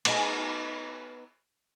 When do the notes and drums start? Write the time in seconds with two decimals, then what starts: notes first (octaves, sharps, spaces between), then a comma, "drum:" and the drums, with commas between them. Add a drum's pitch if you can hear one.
0.05 B3 D#4 G#4, drum: cymbal